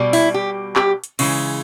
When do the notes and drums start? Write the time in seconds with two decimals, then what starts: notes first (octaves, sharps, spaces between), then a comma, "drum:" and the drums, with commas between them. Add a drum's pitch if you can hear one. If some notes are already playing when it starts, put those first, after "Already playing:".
Already playing: B2 G3
0.13 E4, drum: open hi-hat
0.34 G4
0.76 G4, drum: clap
1.04 drum: hi-hat
1.19 C#3 E3 G#3, drum: cymbal